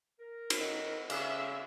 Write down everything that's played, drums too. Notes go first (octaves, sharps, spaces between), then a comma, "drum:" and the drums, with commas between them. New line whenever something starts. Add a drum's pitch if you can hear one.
A#4
drum: cymbal
D#3
C#3 E5, drum: cymbal